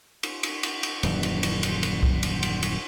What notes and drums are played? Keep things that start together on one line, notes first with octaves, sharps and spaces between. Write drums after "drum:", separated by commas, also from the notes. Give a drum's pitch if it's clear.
drum: cymbal
drum: cymbal
drum: cymbal
drum: cymbal
D#1 F#2 E3, drum: cymbal
drum: cymbal
drum: cymbal
drum: cymbal
drum: cymbal
drum: kick C2
drum: cymbal
drum: cymbal
drum: cymbal